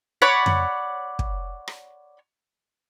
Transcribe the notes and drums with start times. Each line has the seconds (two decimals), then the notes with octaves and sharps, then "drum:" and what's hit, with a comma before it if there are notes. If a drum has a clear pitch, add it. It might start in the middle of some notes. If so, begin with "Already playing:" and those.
0.22 C#5 D5 F#5 B5
0.46 drum: tom F2
1.19 drum: kick
1.68 drum: rim click